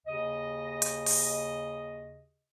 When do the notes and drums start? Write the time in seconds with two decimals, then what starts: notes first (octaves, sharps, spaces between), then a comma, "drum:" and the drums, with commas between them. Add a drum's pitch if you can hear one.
0.06 D#2 C#3 D#5
0.82 drum: hi-hat
1.06 drum: open hi-hat